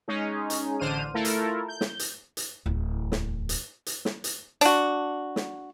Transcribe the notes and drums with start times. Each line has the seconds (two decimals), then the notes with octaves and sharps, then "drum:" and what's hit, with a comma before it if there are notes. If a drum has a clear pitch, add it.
0.08 G#3 C#4 D#4 G#4
0.50 drum: hi-hat
0.80 A1 D3 D4 C5 F6 D#7
1.14 A3 E4 F4 A4 A#4
1.25 drum: hi-hat
1.68 G6
1.81 drum: snare
1.99 drum: hi-hat
2.37 drum: hi-hat
2.66 D1 E2
3.12 drum: snare
3.49 drum: hi-hat
3.86 drum: hi-hat
4.05 drum: snare
4.24 drum: hi-hat
4.61 D4 F#4, drum: hi-hat
5.36 drum: snare